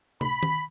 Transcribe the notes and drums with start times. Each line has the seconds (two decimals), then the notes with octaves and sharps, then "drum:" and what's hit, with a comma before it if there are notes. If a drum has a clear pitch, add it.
0.21 B5, drum: tom
0.43 drum: tom D#3